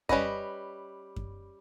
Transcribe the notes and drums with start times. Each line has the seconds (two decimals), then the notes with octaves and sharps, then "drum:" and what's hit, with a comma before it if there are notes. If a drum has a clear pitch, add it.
0.09 G3 C#4 B4 D#5, drum: kick F#2
1.16 drum: kick F#2